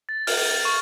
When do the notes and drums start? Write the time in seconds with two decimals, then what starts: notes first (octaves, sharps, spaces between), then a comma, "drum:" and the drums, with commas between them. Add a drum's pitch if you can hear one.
0.09 A6
0.27 F6, drum: open hi-hat
0.65 C#6